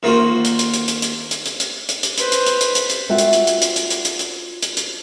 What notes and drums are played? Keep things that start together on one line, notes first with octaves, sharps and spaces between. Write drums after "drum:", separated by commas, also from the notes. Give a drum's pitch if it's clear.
D#3 A#3 F4 F#4 C5
drum: hi-hat
drum: hi-hat
drum: hi-hat
drum: hi-hat
drum: hi-hat
drum: hi-hat
drum: hi-hat
drum: hi-hat
drum: hi-hat
drum: hi-hat
B4 C5, drum: hi-hat
drum: hi-hat
drum: hi-hat
drum: hi-hat
drum: hi-hat
drum: hi-hat
F4 F#4 E5 G5
drum: hi-hat
drum: hi-hat
drum: hi-hat
drum: hi-hat
drum: hi-hat
drum: hi-hat
drum: hi-hat
drum: hi-hat
drum: hi-hat
drum: hi-hat